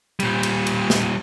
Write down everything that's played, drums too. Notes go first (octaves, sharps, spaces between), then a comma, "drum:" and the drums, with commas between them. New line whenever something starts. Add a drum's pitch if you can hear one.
A#2 G3, drum: cymbal
drum: cymbal
drum: cymbal
drum: snare